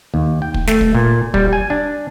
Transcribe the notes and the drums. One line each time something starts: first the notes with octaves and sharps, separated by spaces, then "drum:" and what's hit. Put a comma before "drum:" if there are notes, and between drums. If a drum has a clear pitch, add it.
D#2
G5
drum: kick
A3, drum: snare
drum: kick
A#2
G3, drum: kick
G#5
D4